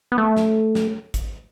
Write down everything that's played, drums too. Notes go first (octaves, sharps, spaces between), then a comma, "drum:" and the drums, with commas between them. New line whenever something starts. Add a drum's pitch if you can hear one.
B3
A3
drum: snare
drum: snare
drum: kick, hi-hat